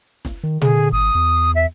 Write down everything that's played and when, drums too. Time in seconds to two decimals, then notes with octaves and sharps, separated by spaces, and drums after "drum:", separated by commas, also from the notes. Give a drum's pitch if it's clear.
0.25 drum: snare
0.43 D#3
0.61 D3 G#4, drum: tom
0.92 G#1 D#6
1.15 E2
1.55 E5